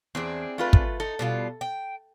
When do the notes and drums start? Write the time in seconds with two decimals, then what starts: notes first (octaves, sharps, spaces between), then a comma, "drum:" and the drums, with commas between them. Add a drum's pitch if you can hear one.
0.15 E2 C4 D4 G#4
0.58 A3 F4 B4
0.73 drum: kick
1.00 D#4 A4
1.19 B2 G3 F4
1.61 G5